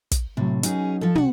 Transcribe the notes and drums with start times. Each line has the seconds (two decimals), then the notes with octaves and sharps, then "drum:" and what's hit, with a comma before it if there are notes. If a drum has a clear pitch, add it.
0.11 drum: kick, hi-hat
0.37 A2 C3 F#3
0.63 F#3 C#4 D#4 G#4, drum: hi-hat
1.01 F3 A4
1.15 C2 F#4 F#5, drum: tom